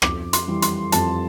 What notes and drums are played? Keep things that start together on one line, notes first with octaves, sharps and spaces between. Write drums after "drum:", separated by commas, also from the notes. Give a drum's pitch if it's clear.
F2 D6, drum: rim click
C6, drum: hi-hat
E3 G3
C6, drum: hi-hat
F2 A5, drum: hi-hat